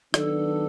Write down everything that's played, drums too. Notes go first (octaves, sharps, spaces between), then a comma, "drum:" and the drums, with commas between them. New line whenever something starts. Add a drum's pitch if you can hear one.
D#3 F#3 B3 D4 A4, drum: rim click